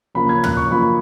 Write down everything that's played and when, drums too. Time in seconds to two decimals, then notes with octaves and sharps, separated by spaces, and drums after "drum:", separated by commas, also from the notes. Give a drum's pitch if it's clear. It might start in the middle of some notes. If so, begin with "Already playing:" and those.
0.15 F#2 C#3 F3 A#3 B5
0.29 G#6
0.44 F#6, drum: tom
0.57 C#6
0.71 F#2 C#3 F3 A#3 B5